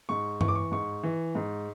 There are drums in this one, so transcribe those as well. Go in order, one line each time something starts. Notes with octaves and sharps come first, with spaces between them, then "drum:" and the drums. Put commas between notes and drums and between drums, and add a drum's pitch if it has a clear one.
G#2 C#6
E3 C#6, drum: tom G2
D6
C#6
G#2 C#6
E3
G#2